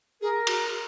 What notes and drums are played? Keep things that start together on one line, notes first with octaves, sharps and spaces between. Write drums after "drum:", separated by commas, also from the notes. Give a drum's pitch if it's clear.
G#4 A#4
F#4, drum: cymbal